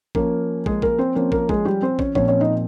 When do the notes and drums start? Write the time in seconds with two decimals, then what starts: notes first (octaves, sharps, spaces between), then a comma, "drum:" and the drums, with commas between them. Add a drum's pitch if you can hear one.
0.15 F3 A#3 C#4 A#4, drum: kick
0.66 G#3 G#4, drum: kick
0.82 A#3 A#4, drum: kick
0.98 C4 C5
1.15 F3 A#3 C4 C#4 C5
1.32 A#3 A#4, drum: kick
1.49 G#3 G#4, drum: kick
1.65 G3 G4
1.82 C4 C5
1.99 C#4 C#5, drum: kick
2.15 A#2 F3 C4 C#4 C#5, drum: kick
2.28 C#4 C#5
2.41 D#4 D#5